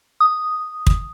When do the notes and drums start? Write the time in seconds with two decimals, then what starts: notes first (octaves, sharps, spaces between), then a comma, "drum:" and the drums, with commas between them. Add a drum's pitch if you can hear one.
0.20 D#6
0.87 drum: kick